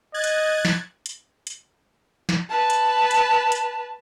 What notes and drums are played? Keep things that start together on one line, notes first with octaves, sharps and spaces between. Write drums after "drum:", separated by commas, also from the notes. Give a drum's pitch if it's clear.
D#5 F#6 G#6 A6
drum: hi-hat
drum: snare
drum: hi-hat
drum: hi-hat
drum: snare
B4 A5
drum: hi-hat
drum: hi-hat
drum: hi-hat